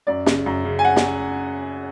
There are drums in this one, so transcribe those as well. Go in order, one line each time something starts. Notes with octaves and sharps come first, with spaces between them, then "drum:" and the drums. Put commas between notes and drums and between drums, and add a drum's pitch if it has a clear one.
F#2 D5
C#3, drum: snare
F#2
C#3
G#5
F#5
drum: snare